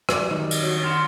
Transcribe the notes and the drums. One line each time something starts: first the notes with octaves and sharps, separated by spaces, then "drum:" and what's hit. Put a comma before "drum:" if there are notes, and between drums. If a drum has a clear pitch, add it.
F#2 D5 D6, drum: rim click
D#3 G3
drum: cymbal
F#4 C#5
F#5 C6 F6 E7